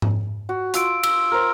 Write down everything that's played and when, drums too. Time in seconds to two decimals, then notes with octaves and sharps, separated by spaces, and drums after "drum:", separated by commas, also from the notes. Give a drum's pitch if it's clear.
0.02 drum: tom G#2
0.49 F#4
0.74 F4 C6 E6 D7, drum: hi-hat
1.03 E6, drum: cymbal
1.32 A#4 C5 F6